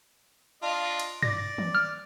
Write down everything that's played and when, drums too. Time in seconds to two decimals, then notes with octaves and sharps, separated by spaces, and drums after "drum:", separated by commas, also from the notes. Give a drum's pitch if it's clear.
0.62 D4 F4 D#5
1.00 drum: cymbal
1.23 D5 A#6, drum: tom G2
1.58 drum: tom
1.75 F6